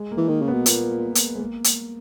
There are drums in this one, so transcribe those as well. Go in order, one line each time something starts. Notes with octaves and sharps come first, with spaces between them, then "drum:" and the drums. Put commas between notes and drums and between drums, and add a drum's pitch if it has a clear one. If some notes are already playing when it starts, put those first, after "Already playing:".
Already playing: G#3
A#3
E3
D#3 A#3
C#3
B3
B2
A#2 A#3, drum: hi-hat
drum: hi-hat
G#3
A#3
drum: hi-hat